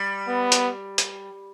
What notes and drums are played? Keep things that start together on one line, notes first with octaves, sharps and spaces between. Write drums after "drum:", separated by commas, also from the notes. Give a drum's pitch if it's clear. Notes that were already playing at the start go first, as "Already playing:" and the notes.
Already playing: G3
B3
drum: hi-hat
drum: hi-hat